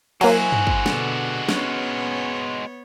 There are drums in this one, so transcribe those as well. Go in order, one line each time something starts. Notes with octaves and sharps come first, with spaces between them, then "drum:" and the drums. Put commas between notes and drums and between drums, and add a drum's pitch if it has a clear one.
F#3 G#3 A#3 E4 F#4 C5 G#5, drum: cymbal
drum: tom G2
drum: kick
B2 D3, drum: snare D4
B3 C#4 C#5, drum: snare D4